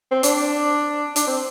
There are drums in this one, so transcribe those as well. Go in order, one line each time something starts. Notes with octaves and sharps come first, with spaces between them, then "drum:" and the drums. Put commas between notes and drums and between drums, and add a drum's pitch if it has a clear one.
C4
D4, drum: hi-hat
D4, drum: hi-hat
C4